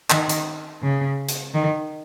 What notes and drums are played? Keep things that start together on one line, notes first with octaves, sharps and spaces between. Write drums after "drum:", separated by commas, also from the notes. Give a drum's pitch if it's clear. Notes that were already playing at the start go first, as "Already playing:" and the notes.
D#3, drum: clap
drum: hi-hat
C#3
drum: hi-hat
D#3